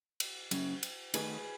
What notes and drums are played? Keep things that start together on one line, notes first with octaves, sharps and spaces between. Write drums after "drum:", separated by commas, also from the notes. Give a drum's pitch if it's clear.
drum: cymbal
F#2 C#3, drum: cymbal
drum: cymbal
D#3 A3 D#4 G#4 B4, drum: cymbal